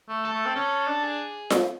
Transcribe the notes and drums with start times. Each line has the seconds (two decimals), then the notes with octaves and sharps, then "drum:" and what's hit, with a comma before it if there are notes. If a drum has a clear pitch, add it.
0.09 A3
0.25 A4
0.32 A3
0.46 C4
0.55 C#4 A4
0.87 D4
1.03 G#4
1.50 drum: snare F4